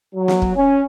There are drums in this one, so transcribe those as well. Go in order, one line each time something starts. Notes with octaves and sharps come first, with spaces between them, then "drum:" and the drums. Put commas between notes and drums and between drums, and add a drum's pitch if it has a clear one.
F#3
drum: snare
drum: kick
C#4